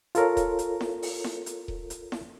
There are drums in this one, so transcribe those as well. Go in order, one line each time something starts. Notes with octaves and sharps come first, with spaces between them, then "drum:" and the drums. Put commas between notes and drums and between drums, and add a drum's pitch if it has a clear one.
F4 A4 A#4 C#5, drum: hi-hat
drum: kick D#1, hi-hat
drum: hi-hat
drum: snare E4
drum: open hi-hat
drum: snare E4
drum: hi-hat
drum: kick D#1
drum: hi-hat
drum: snare E4